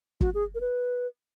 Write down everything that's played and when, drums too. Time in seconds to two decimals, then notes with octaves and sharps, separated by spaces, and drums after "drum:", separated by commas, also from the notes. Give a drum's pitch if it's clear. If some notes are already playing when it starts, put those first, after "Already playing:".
0.21 F#4, drum: kick G1
0.34 G#4
0.55 A#4
0.61 B4